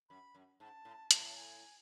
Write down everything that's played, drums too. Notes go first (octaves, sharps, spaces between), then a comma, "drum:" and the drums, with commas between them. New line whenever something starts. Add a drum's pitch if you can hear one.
F#2 B5
F#2
G#2 A5
A2
A2, drum: hi-hat
G#5